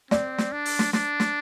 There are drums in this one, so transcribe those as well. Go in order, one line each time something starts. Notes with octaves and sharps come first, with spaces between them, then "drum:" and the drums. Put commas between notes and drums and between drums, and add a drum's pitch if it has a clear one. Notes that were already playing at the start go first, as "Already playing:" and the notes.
C4 D5, drum: snare
drum: snare
D4
drum: open hi-hat
drum: snare
D4, drum: snare
drum: snare